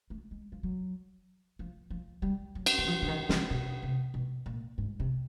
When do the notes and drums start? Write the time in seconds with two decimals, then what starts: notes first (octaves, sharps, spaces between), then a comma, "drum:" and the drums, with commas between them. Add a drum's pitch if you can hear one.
0.10 A3
0.31 G#3
0.52 F3
0.63 F#3
1.59 F3
1.90 F3
2.22 G3
2.55 F#3
2.66 drum: cymbal
2.78 E3
2.87 F3
3.02 D3
3.08 D#3
3.29 C#3, drum: snare
3.50 B2
3.82 C3
4.14 B2
4.46 A#2
4.78 G#2
5.00 C3